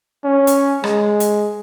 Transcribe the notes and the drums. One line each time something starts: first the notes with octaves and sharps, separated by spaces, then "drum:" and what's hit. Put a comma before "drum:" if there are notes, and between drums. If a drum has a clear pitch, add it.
C#4
drum: hi-hat
G#3, drum: rim click
drum: hi-hat